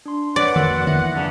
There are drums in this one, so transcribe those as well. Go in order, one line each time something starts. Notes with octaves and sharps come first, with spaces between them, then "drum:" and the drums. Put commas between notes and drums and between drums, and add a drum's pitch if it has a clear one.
D4 C6
B4 C#5 D5 F#5
F2 A#3 F#4 C6 E6, drum: tom D3
E2 E4 A#6, drum: tom D3
F2 C#3 C#4 D4